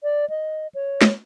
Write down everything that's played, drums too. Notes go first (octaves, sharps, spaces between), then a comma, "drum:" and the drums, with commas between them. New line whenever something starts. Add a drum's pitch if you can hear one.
D5
D#5
C#5
drum: snare